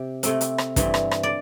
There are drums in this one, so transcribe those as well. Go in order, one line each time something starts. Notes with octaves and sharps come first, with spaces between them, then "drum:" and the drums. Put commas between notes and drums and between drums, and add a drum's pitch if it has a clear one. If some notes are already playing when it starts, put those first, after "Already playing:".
Already playing: C3 G4
C3 A3 C4, drum: hi-hat
drum: hi-hat
drum: rim click
G2 E3 C4, drum: kick, hi-hat
drum: rim click
drum: rim click
D5